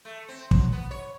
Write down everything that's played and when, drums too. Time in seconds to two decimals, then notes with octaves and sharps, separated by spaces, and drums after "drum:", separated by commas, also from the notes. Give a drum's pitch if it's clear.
0.05 A3
0.28 C4
0.51 F#3, drum: kick
0.72 B3
0.91 C#5